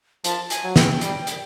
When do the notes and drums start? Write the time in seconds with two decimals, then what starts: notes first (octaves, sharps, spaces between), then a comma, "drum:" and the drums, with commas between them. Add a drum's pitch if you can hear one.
0.24 F3 A5, drum: hi-hat
0.50 G#5, drum: hi-hat
0.63 F#3
0.76 G5, drum: snare
1.01 G3, drum: hi-hat
1.27 drum: hi-hat